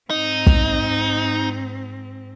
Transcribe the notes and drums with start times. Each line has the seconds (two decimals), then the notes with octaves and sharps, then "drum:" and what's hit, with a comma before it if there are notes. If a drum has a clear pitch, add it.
0.10 G#2 C4 D#4
0.47 drum: kick